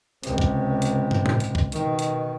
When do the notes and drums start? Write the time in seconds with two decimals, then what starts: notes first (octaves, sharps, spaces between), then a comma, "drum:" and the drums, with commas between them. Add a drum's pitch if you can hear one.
0.23 C#2 C3, drum: hi-hat
0.38 drum: kick
0.82 drum: hi-hat
1.11 drum: tom
1.26 drum: tom A2
1.40 drum: hi-hat
1.55 drum: kick
1.72 B2 D#3, drum: hi-hat
1.99 drum: hi-hat